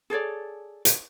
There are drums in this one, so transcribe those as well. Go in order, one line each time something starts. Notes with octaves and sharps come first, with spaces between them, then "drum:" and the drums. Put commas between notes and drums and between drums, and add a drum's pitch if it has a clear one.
G#4 A4 C#5 D5
drum: hi-hat